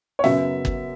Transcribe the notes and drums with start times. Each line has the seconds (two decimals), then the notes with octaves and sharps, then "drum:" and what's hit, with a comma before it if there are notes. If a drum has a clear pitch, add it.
0.19 C#5
0.24 F#2 C#3 F#3 B3 E5, drum: snare
0.65 drum: kick